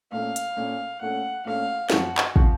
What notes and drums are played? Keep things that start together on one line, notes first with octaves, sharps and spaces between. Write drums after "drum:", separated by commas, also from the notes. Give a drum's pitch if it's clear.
A#2 A3 C#4 F5
drum: hi-hat
A#2 A3 C#4
A#2 A3 C#4 F#5
A#2 A3 C#4 F5
F#2 F3 C4 F#4, drum: snare
drum: clap
F3 C4, drum: kick